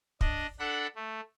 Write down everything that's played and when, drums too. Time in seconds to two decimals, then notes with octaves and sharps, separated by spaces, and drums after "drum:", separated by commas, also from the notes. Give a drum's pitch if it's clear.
0.21 D4 D#5, drum: kick
0.59 D4 A4 F#5 B5
0.95 A3